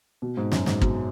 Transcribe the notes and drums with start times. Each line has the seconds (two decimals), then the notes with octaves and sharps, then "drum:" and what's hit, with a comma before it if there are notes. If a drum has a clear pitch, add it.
0.22 B2
0.37 G#2
0.52 F#2, drum: snare
0.66 G#2, drum: snare
0.81 B2, drum: kick